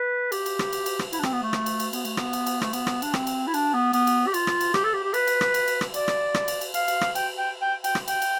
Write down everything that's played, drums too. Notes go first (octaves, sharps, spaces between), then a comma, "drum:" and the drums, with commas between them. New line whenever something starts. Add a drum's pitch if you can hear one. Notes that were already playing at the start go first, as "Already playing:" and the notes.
Already playing: B4
G4, drum: cymbal
drum: cymbal
drum: rim click
drum: cymbal
drum: cymbal
drum: rim click
E4, drum: cymbal
D4
C4, drum: rim click
B3
A3
drum: rim click
drum: cymbal
drum: cymbal
B3, drum: cymbal
A3, drum: cymbal
B3, drum: rim click
drum: cymbal
drum: cymbal
A3, drum: rim click
B3, drum: cymbal
drum: rim click
D4, drum: cymbal
C4, drum: rim click
drum: cymbal
E4
D4, drum: cymbal
B3
B3, drum: cymbal
drum: cymbal
G4
F4, drum: cymbal
drum: rim click
drum: cymbal
G4, drum: rim click
A4
G4
G4
B4, drum: cymbal
drum: cymbal
drum: rim click
drum: cymbal
drum: cymbal
drum: rim click
D5, drum: cymbal
drum: rim click
drum: rim click
drum: cymbal
drum: cymbal
F5, drum: cymbal
drum: cymbal
drum: rim click
G5, drum: cymbal
G5
G5
G5, drum: cymbal
drum: rim click
G5, drum: cymbal
drum: cymbal